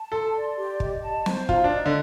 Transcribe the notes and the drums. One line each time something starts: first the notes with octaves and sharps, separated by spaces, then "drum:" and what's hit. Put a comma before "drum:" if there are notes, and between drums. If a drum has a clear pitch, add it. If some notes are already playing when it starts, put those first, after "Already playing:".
Already playing: A5
A4 C6
D5
G4
D#5, drum: kick
A5
C5, drum: snare
D#4 F4, drum: kick
D4
D#5
D3